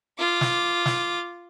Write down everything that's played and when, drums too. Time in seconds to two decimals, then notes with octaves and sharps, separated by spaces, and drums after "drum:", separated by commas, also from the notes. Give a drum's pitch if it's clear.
0.19 F4 D6
0.41 drum: snare
0.86 drum: snare